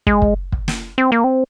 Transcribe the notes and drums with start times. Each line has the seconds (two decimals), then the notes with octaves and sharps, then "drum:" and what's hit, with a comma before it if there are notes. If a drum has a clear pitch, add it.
0.07 G#3, drum: kick
0.22 drum: kick
0.52 drum: kick
0.68 drum: snare
0.98 C4
1.12 A#3
1.24 C4